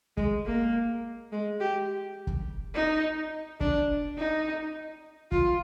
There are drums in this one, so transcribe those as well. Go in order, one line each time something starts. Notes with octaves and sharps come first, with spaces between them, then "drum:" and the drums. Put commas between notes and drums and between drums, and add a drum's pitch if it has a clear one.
G#3, drum: kick
A#3
G#3
G4
drum: kick
D#4
D4, drum: kick
D#4
F4, drum: kick